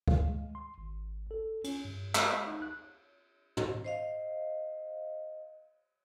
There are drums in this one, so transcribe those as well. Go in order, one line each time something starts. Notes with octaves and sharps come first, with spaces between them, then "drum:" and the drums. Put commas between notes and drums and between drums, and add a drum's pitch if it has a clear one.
F5, drum: kick D2
G#3
C6
G#1
A4
C#4, drum: cymbal
G2
G#3, drum: clap
D#4
F#6
drum: tom
C5 D#5 F5